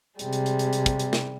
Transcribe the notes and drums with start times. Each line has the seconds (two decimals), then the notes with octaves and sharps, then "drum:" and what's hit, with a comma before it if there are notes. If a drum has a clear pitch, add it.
0.19 C3 G3 G#3, drum: hi-hat
0.33 drum: hi-hat
0.46 drum: hi-hat
0.59 drum: hi-hat
0.73 drum: hi-hat
0.86 drum: kick, hi-hat
0.99 drum: hi-hat
1.13 drum: snare